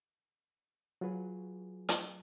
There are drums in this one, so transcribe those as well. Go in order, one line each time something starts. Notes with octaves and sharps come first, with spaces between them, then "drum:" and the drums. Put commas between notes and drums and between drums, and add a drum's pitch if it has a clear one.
F#3 F4 F#4 G#4 B4
drum: hi-hat